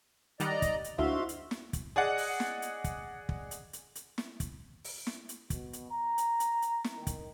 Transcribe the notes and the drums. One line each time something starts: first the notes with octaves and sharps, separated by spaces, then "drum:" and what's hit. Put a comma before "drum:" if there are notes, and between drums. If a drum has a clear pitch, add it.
D#3 G3 D5 D#5 F#5 A#5, drum: hi-hat
drum: kick, hi-hat
drum: hi-hat
D2 G#2 D4 E4 F#4 E5 F5 C6
drum: hi-hat
drum: snare
drum: kick, hi-hat
G#4 D5 D#5 F#5
drum: open hi-hat
drum: snare
drum: hi-hat
drum: kick, hi-hat
drum: kick
drum: hi-hat
drum: hi-hat
drum: hi-hat
drum: snare
drum: kick, hi-hat
drum: open hi-hat
drum: snare
drum: hi-hat
B2, drum: kick, hi-hat
drum: hi-hat
A#5
drum: hi-hat
drum: hi-hat
drum: hi-hat
drum: snare
D#3
drum: kick, hi-hat